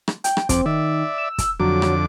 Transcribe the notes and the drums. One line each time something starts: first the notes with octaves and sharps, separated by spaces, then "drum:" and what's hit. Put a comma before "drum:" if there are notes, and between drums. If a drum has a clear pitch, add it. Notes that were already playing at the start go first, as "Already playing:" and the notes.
drum: rim click
G5, drum: hi-hat
drum: rim click
F2 C4 D6, drum: kick, hi-hat
D#3 D5 E5
E6
drum: kick, hi-hat
F2 D3 F#3 D6
drum: rim click